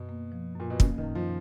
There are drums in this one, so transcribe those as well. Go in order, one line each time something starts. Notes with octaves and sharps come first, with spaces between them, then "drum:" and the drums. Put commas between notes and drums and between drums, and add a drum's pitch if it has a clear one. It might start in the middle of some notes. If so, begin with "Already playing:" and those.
Already playing: F#2 B2
A#3
F3
F#2 A#2
B2
C#3 A#3, drum: kick
D#3
F#2
F3